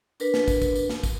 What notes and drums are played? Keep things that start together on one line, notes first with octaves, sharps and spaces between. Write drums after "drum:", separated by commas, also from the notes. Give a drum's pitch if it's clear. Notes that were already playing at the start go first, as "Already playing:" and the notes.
D4 A#4 B4, drum: tambourine
drum: snare
drum: kick, tambourine
drum: kick, tambourine
drum: tambourine
drum: snare
drum: kick, tambourine